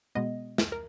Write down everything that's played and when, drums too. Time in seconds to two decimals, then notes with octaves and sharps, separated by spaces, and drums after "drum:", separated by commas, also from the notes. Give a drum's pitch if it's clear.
0.15 B2 G#3 B3 D#5
0.58 drum: snare
0.72 A#4